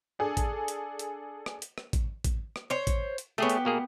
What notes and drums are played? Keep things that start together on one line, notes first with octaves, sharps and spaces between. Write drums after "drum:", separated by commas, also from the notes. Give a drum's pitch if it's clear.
D4 G#4 A4
drum: kick, hi-hat
drum: hi-hat
drum: hi-hat
drum: rim click
drum: hi-hat
drum: rim click
drum: kick, hi-hat
drum: kick, hi-hat
drum: rim click
C5 C#5
drum: kick, hi-hat
drum: hi-hat
A3 B3 G4 G#4 C#5
drum: hi-hat
B2 A#3 G#4